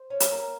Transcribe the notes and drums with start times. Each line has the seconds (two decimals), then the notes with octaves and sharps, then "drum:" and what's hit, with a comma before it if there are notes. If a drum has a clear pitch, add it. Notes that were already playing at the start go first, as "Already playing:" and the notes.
Already playing: C5
0.10 C#4
0.20 drum: hi-hat
0.32 A#3